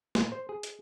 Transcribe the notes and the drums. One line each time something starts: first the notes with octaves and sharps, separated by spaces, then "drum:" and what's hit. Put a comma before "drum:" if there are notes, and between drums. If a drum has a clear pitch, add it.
A#2, drum: snare
C5
G#4
drum: hi-hat